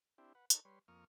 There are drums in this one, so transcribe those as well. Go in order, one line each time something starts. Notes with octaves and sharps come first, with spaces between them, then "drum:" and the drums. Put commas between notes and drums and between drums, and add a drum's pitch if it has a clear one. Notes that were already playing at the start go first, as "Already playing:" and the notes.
C4 D4 E4 G4
B4 F#5
D#4 A4 A#4 C#5, drum: hi-hat
G3 B4 C#5 C6
F2 A#3 C#6 D#6 F6